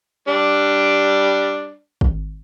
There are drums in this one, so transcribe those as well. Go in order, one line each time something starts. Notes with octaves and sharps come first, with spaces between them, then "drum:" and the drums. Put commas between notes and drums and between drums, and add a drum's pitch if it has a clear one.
G3 D4
drum: kick